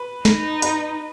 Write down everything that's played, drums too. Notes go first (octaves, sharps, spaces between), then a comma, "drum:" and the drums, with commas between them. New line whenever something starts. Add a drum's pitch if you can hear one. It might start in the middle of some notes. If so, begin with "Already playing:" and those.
Already playing: B4
D#4, drum: snare
B4, drum: hi-hat